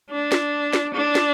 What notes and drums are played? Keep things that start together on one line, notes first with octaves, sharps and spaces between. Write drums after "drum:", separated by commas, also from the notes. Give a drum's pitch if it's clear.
D4
drum: snare
drum: snare
D4
drum: snare